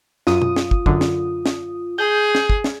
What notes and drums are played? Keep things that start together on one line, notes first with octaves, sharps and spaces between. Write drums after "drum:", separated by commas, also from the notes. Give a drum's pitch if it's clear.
F#2 F4 D#6, drum: snare
drum: tom
drum: snare
drum: kick
F#2 D3, drum: kick
drum: snare
drum: snare
G#4 G6
drum: snare
drum: kick
drum: snare